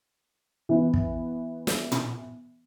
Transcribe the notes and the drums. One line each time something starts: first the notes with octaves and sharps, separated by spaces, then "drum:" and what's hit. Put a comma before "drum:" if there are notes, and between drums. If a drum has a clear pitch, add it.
E3 B3
drum: kick
drum: snare
drum: tom